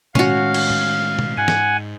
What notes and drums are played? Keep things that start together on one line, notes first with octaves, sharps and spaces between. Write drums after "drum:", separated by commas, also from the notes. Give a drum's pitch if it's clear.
A2 D#3 G#3 C#4 F#4 F5, drum: tom B2
drum: cymbal
drum: tom
drum: tom B2
G#2 F#5 G#5
drum: snare